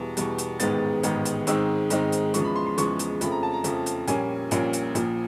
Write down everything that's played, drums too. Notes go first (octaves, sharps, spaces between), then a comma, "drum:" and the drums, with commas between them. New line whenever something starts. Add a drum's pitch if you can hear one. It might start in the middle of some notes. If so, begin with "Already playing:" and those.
Already playing: E2 B2 G3
E2 B2 G3, drum: hi-hat
drum: hi-hat
A1 G#2 D#3 G#3 B3 A6, drum: hi-hat
A1 G#2 D#3 G#3 B3, drum: hi-hat
drum: hi-hat
G#2 D#3 G#3 C4 D#4 E6, drum: hi-hat
G#2 D#3 G#3 C4 D#4, drum: hi-hat
drum: hi-hat
E2 C#3 F3 G#3 C#6, drum: hi-hat
B5
C6
C6
E2 C#3 F3 G#3 C#6, drum: hi-hat
drum: hi-hat
F2 C#3 F3 A3 B5, drum: hi-hat
A#5
A5
A#5
F2 C#3 F3 A3, drum: hi-hat
drum: hi-hat
A#1 A#2 G3 A#3 C#4 G#5, drum: hi-hat
A#1 A#2 G3 A#3 C#4, drum: hi-hat
drum: hi-hat
A#1 A#2 F3, drum: hi-hat